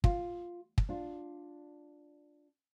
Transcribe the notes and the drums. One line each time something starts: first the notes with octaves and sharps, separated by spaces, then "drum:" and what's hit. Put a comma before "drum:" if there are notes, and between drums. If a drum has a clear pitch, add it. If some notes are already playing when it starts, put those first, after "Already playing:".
F4, drum: kick
drum: kick
D4 F4